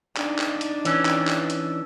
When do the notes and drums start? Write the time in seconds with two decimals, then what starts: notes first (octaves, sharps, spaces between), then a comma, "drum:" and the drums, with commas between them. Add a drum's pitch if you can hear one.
0.17 D4 D#4, drum: clap
0.39 drum: clap
0.61 drum: hi-hat
0.85 E3 C#4, drum: hi-hat
1.05 drum: clap
1.28 drum: clap
1.50 drum: hi-hat